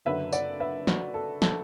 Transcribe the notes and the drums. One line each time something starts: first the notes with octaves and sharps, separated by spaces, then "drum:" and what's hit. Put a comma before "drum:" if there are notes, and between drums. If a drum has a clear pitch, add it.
F#1 F#2 D3 F#3 B4 E5
D5 F#5, drum: tambourine
B4 E5
F#4 B4, drum: snare
A4
A4, drum: snare